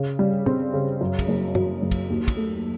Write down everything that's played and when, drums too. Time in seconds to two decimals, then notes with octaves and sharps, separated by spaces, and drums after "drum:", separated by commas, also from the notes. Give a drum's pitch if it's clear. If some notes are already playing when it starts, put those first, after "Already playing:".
Already playing: C#3
0.19 G3
0.46 C4, drum: tom
0.74 C#3
1.01 F#2
1.19 drum: kick, cymbal
1.28 F#1
1.55 F#3, drum: tom
1.82 F#1
1.91 drum: kick, cymbal
2.10 D#2
2.28 drum: kick, cymbal
2.37 A3